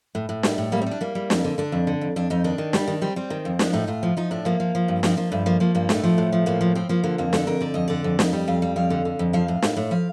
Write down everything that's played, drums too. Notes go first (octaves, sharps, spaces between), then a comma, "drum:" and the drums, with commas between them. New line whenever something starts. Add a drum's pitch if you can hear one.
A2
A2
G3, drum: snare
A2
G3 A#3
C4
G3 D4
G3 A#3
G3
F2, drum: snare
D3
D3 D4
F2
D3
F2
F2 D4
F2 D#4
D#3 D4
D#3
G3, drum: snare
D#3
G3 C4
G3 C4
D#3
F2
F3 D4, drum: snare
A2 D#4
A2 F4
F3
F3 D#4
A2 D4
F3 A#3
F3
F3
G2
F3 C4, drum: snare
F3 A#3
G2 A3
F3 A#3
F3 A#3
G2 A#3
A2 A3, drum: snare
F3
A2
F3
A2 A#3
F3
F3 C4
F3 A#3
D3 A#3
F2 A#3
D3 A4, drum: snare
F2 A#4
D3 D5
F2 D#5
D3 D5
F2
F2 D#5, drum: snare
G3
F2 F5
G3
F2 F5
D3
D3
F2
F3 F5
A2
A2, drum: snare
A2
F3 F5